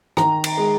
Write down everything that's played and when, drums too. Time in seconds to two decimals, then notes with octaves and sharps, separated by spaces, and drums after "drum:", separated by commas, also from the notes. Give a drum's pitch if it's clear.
0.17 D#3 A#5, drum: rim click
0.44 drum: cymbal
0.57 G#3